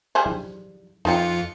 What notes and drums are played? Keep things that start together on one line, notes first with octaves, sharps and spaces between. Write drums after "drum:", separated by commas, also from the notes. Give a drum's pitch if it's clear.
G3 G#4 C5
drum: tom F#3
F2 D#4 F4 G5 C#7